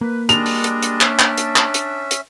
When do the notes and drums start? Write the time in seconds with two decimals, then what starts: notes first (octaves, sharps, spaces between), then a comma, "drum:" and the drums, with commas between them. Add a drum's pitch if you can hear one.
0.01 A#3 B4
0.29 G3 G#3 D4 D#5 F7, drum: hi-hat
0.46 drum: open hi-hat
0.64 drum: hi-hat
0.82 drum: hi-hat
1.01 C#4 E5, drum: clap
1.19 drum: clap
1.38 drum: hi-hat
1.56 drum: clap
1.74 drum: hi-hat
2.11 drum: hi-hat